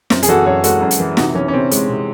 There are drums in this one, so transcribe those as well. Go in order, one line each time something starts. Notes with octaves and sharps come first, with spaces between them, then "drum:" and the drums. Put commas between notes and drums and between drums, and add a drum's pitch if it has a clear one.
F#2 C4, drum: snare
G#4, drum: hi-hat
E3 F#4 A4
F#2 A4 C#5
G#3 F#4 A4, drum: hi-hat
F#2
drum: hi-hat
E3
C3 D#4 F#4, drum: snare
E3 C#4
C#4
C3 C4
G#3, drum: hi-hat
C3